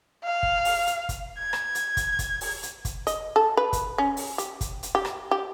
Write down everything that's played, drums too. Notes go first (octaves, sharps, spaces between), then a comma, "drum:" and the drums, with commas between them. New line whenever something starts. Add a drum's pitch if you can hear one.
F5
drum: kick
drum: open hi-hat
drum: hi-hat
drum: kick, hi-hat
G#6
drum: rim click
drum: hi-hat
drum: kick, hi-hat
drum: kick, hi-hat
drum: open hi-hat
drum: hi-hat
drum: kick, hi-hat
D#5, drum: hi-hat
A4
B4
drum: kick, hi-hat
C#4
drum: open hi-hat
G4, drum: hi-hat
drum: kick, hi-hat
drum: hi-hat
G4
drum: rim click
G4